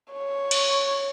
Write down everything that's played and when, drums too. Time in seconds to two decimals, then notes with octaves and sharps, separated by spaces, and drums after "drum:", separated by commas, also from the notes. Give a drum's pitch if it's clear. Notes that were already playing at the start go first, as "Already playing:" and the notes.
0.13 C#5
0.51 drum: cymbal